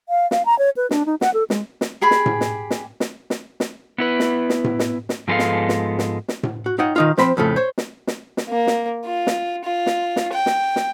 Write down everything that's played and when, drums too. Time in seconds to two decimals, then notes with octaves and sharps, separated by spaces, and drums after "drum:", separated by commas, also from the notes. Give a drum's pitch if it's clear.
0.09 F5
0.31 F5, drum: snare
0.45 A#5
0.59 C#5
0.77 B4
0.91 D4, drum: snare
1.06 D#4
1.21 F#5, drum: snare
1.34 A4
1.50 G#3, drum: snare
1.81 drum: snare
2.01 G4 G#4 G#5 B5
2.11 drum: snare
2.26 drum: tom A2
2.41 drum: snare
2.70 drum: snare
3.00 drum: snare
3.30 drum: snare
3.60 drum: snare
3.98 B3 E4 B4
4.20 drum: snare
4.49 drum: snare
4.64 drum: tom A2
4.79 drum: snare
5.09 drum: snare
5.28 G#2 F3 G#3 B3 A4 F5
5.39 drum: snare
5.69 drum: snare
5.99 drum: snare
6.28 drum: snare
6.43 drum: tom A2
6.66 F#4
6.79 D#4 F4 C#5 F#5 G5
6.96 D#3 D#4 F4
7.17 F3 C4 B5 C6, drum: snare
7.37 F2 A2 C#3 A3
7.56 C5 C#5
7.78 drum: snare
8.07 drum: snare
8.37 drum: snare
8.49 A#3
8.67 drum: snare
9.05 F4
9.27 drum: snare
9.64 F4
9.86 drum: snare
10.16 drum: snare
10.33 G5
10.46 drum: snare
10.76 drum: snare